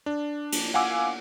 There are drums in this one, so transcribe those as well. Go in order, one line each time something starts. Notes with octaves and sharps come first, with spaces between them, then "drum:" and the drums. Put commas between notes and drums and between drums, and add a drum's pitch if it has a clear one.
D4
drum: cymbal
F5 F#5 G#5 D6 E6